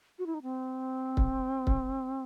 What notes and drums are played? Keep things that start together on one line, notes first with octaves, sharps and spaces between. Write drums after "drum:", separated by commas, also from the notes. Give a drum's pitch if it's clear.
F#4
E4
D#4
C4
drum: kick
drum: kick